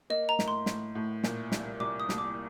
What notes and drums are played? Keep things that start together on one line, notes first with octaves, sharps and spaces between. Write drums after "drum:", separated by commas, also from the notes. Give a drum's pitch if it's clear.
A#3 D#5
A#5
A2, drum: snare
C6
A2, drum: snare
A2
A#2, drum: snare
C2, drum: snare
C2 D6
D#6
C2, drum: snare
D6